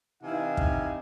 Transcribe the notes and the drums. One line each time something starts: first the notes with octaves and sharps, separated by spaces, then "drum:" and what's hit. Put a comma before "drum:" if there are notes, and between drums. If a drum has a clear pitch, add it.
C3 E3 D#4 E4 F5 G#5
drum: kick